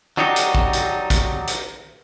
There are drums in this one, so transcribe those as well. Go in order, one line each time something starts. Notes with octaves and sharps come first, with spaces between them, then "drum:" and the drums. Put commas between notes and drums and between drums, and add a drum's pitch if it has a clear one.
F#3 D4 D#4 F#4 G4
drum: hi-hat
drum: kick
drum: hi-hat
drum: kick, hi-hat
drum: hi-hat